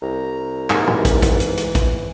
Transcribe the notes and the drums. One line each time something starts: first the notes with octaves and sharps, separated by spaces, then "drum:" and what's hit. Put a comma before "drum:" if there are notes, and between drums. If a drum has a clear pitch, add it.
C2 A#5
G#2 E3 A#3, drum: clap
drum: tom
drum: kick, hi-hat
drum: kick, hi-hat
drum: hi-hat
drum: hi-hat
drum: kick, hi-hat